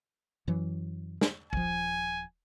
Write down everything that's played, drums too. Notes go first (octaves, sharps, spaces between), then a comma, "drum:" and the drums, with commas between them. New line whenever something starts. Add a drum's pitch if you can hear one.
F#2 E3 F#3
drum: snare
D#1 F3 G#5, drum: kick